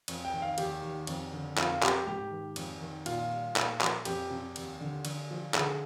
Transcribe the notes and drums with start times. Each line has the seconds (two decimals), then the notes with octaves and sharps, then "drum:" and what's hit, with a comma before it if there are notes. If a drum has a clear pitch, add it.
0.08 F2, drum: cymbal
0.25 G5
0.34 D#3
0.42 F5
0.58 D#2 G4, drum: cymbal
0.82 D#3
1.07 F2, drum: cymbal
1.33 D3
1.58 F2 F4, drum: clap
1.82 C3 G4, drum: clap
2.07 G#2 G4
2.31 D#3
2.56 F2, drum: cymbal
2.81 D#3
3.06 A#2 F4, drum: cymbal
3.31 G3
3.56 A#2, drum: clap
3.81 F3, drum: clap
4.05 F2 G4, drum: cymbal
4.30 C3
4.56 D#2, drum: cymbal
4.81 D3
5.05 D3, drum: cymbal
5.31 F3
5.54 D3 G#4, drum: clap